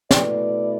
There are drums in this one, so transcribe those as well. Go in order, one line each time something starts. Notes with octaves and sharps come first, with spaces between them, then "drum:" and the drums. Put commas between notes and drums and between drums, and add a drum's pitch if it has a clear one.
B2 A3 E4 B4 D5, drum: snare